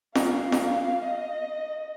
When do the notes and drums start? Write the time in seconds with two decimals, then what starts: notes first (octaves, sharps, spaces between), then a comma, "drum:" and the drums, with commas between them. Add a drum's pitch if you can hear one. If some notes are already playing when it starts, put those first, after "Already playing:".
0.15 F5, drum: snare F4
0.52 drum: snare F4
1.02 D#5